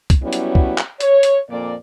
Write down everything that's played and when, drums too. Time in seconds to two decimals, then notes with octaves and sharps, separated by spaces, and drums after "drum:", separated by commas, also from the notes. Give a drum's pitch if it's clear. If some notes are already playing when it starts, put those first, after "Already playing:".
0.10 drum: kick, hi-hat
0.23 F#3 G3 B3 C#4 E4 F#4
0.33 drum: hi-hat
0.55 drum: kick
0.78 drum: clap
1.00 C#5, drum: hi-hat
1.23 drum: hi-hat
1.50 F2 A#2 A#3 D5